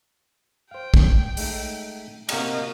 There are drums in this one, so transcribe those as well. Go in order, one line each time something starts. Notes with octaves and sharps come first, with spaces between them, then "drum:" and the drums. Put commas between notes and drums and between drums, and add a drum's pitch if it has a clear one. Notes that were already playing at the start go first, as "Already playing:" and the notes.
C5 F5 G5
drum: kick
G#3 A3 D#4, drum: open hi-hat
C3 A#3 F#4 D#5 F#5, drum: cymbal